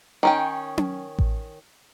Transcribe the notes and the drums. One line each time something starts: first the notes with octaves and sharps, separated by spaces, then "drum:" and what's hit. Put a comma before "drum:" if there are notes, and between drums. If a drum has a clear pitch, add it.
D#3 C#4 G5
drum: tom C#4
drum: kick A1